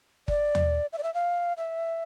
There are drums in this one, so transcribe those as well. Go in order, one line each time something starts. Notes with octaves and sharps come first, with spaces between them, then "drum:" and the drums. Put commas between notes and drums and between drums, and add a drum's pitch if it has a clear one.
D5, drum: kick G1
drum: tom
E5
D5
E5
F5
E5